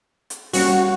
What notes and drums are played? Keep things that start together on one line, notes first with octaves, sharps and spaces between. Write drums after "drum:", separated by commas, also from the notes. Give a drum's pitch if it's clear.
drum: hi-hat
G3 A#3 C#4 F#4, drum: open hi-hat